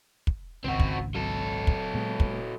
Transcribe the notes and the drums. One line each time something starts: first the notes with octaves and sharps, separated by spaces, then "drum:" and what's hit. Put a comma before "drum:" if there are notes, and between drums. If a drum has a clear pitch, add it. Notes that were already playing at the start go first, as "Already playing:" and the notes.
drum: kick
G#1 C#2 C4 F#4
drum: kick
F#3 A4
drum: kick
A#2 G#3 B3
drum: kick